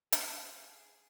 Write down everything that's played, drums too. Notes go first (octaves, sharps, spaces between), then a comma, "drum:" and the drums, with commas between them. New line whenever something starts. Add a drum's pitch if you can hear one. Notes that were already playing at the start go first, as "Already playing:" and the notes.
A4, drum: hi-hat
G#4